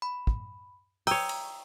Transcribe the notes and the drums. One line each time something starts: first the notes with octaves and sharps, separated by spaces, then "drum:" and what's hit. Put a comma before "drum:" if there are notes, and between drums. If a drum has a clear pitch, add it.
B5
drum: kick
C#5 G5 A#5 D#6 E6, drum: open hi-hat
drum: cymbal